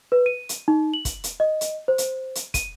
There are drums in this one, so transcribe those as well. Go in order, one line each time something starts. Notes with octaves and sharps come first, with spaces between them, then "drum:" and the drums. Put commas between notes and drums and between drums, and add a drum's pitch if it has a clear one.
B4
D#7
drum: hi-hat
D#4
F#7
drum: kick, hi-hat
drum: hi-hat
D#5
drum: hi-hat
C5
drum: hi-hat
drum: hi-hat
D#7, drum: kick, hi-hat